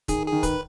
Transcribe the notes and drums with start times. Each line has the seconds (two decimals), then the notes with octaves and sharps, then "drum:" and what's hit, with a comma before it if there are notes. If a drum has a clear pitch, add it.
0.08 D#3 G#4, drum: kick, hi-hat
0.27 G#4
0.32 D#3
0.43 B4, drum: kick, hi-hat